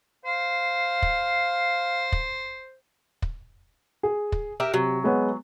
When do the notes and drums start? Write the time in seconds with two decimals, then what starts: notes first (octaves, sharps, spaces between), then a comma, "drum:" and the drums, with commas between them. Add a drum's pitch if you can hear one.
0.25 C5 F5
1.02 drum: kick
2.12 drum: kick
3.22 drum: kick
4.03 G#4
4.32 drum: kick
4.60 G4 A#4 E5
4.74 C3 F#3
5.04 G#3 B3 C#5